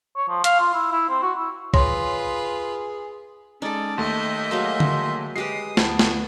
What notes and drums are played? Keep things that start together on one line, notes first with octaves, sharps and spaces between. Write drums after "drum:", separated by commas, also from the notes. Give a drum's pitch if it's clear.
C#5
F3
F5, drum: hi-hat
F4
E4
E4
C4
F#4
E4
F4 G#4 B4 C#5 C6, drum: kick
G#3 C#4 D#4 A4 D5
D#2 A3 D#5 E5 C6 G6
F#3 G#3 A#3 C6
drum: tom D3
G#3 G4 B4 D#5 D#6 C7
D2 B3 A5, drum: snare
drum: snare